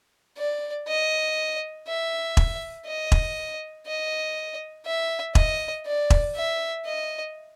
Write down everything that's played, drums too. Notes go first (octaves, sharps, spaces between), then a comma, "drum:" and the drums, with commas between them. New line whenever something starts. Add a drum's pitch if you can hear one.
D5
D#5
E5
drum: kick E1
D#5
drum: kick E1
D#5
E5
D#5, drum: kick E1
D5
drum: kick E1
E5
D#5